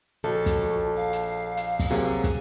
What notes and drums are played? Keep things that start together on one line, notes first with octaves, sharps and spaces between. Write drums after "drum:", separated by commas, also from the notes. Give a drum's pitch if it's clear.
A#1 F#4 A4
drum: kick, hi-hat
F5
drum: hi-hat
drum: hi-hat
drum: kick, open hi-hat
C3 F#3 A#3 G#4
drum: kick, hi-hat